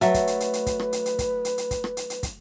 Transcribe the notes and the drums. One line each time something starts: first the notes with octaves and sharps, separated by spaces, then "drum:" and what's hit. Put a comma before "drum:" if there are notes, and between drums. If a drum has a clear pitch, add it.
F#3 A3 B4, drum: hi-hat
drum: kick, hi-hat
drum: hi-hat
drum: hi-hat
drum: hi-hat
drum: kick, hi-hat
drum: rim click
drum: hi-hat
drum: hi-hat
drum: kick, hi-hat
drum: hi-hat
drum: hi-hat
drum: kick, hi-hat
drum: rim click
drum: hi-hat
drum: hi-hat
drum: kick, hi-hat